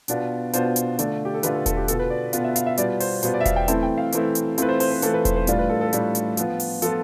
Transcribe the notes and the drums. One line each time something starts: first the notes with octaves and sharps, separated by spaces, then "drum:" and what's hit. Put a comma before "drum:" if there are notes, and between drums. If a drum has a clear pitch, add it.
B2 B3 D4 F4, drum: hi-hat
B2 B3 D4 F4 C5, drum: hi-hat
drum: hi-hat
D3 A3 D4 F4, drum: hi-hat
G4
A4
D3 A3 D4 F4 B4, drum: hi-hat
A4
A4, drum: kick E1, hi-hat
G4
B2 B3 F4 A4, drum: hi-hat
B4
D5
B2 B3 F4, drum: hi-hat
E5
F5, drum: hi-hat
E5
B2 G3 B3 F4 D5, drum: hi-hat
C5, drum: open hi-hat
B2 G3 B3 F4 C5, drum: hi-hat
D5
E5
F5, drum: kick E1, hi-hat
G5
E3 A3 C4 E4 A5, drum: hi-hat
G5
F5
E3 A3 C4 E4, drum: hi-hat
drum: hi-hat
E3 A3 C4 F4 B4, drum: hi-hat
C5
C5, drum: open hi-hat
C5
E3 A3 C4 F4 A4, drum: hi-hat
B4
C5, drum: kick E1, hi-hat
C5
A2 G3 D4 F4, drum: hi-hat
B4
A4
A4
A2 G3 D4 F4, drum: hi-hat
drum: hi-hat
F3 B3 F4, drum: hi-hat
drum: open hi-hat
F3 B3 F4 A4, drum: hi-hat